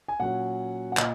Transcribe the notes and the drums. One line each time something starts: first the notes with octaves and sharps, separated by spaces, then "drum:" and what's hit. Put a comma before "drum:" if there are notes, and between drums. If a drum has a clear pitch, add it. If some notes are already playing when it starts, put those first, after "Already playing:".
G#5
A#2 F#3 C#4 F#5
F#5
A#2 D#5, drum: clap